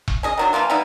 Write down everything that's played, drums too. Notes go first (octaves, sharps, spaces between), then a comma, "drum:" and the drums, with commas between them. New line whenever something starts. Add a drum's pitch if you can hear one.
drum: kick E1
C#4 G#4 D#5
D#3 F#3 D4
E3 F3 A#3 F4
G3 B3 D#4 E4